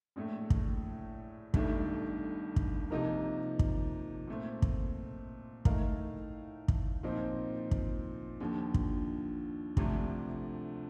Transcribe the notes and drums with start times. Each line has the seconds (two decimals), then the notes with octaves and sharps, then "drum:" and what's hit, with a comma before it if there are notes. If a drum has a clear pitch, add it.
0.16 A#1 A2 A3
0.50 drum: kick
1.54 G1 G2 D#3 A3 D4, drum: kick
2.56 drum: kick
2.90 C3 F3 A#3 D#4 A#4
3.59 drum: kick
4.27 A#2 A3 C4
4.62 drum: kick
5.65 A2 A3 D#4 A#4 F5, drum: kick
6.68 drum: kick
7.03 A#2 F3 C4 D#4
7.71 drum: kick
8.40 D#2 D3 F3
8.74 drum: kick
9.77 D2 C3 F3 A3 D4, drum: kick